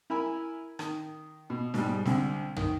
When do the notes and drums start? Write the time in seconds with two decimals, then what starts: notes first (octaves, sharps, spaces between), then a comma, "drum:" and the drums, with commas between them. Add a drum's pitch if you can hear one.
0.10 E4 A#4 G#5 B5
0.79 D#3, drum: rim click
1.50 B2
1.74 G#2 B2 G3, drum: snare
2.06 C2 D3, drum: snare
2.56 D#3, drum: tom